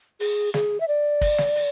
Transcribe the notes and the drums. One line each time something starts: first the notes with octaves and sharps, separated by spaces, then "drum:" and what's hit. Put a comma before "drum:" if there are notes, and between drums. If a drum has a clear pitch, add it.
G#4, drum: open hi-hat
G#4, drum: snare
E5
D5
drum: kick, open hi-hat
drum: snare
drum: open hi-hat